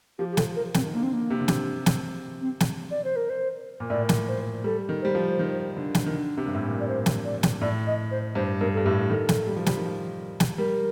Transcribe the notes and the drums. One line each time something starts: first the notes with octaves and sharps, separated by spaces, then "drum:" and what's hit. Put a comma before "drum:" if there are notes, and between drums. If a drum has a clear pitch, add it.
F3 G4
G4
A4, drum: snare
A#4
C4, drum: snare
D#3
D3 A#3
C4
A#3
C3
D3
C3, drum: snare
drum: snare
C4
drum: snare
D5
C5
A#4
C5
A#2
A2 D5
drum: snare
C5
G3 A4
D#3
G3 C5
F3
D#3
D3
drum: snare
D#3
D3
C3
G2
A2
A#2
D5
C5
drum: snare
D5
drum: snare
A2 D5
D#5
C5
G2 C5
G2 A#4
G2 A4
A2 G4
D#3 A4
drum: snare
G3
F3
G3, drum: snare
D#3
F3
drum: snare
G3 A#4